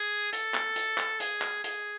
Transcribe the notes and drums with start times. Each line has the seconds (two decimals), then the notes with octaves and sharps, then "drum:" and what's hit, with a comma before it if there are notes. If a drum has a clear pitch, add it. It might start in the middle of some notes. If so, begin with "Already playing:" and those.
Already playing: G#4
0.33 A4, drum: hi-hat
0.54 drum: clap
0.76 drum: hi-hat
0.98 drum: clap
1.20 G#4, drum: hi-hat
1.41 drum: clap
1.64 G#4, drum: hi-hat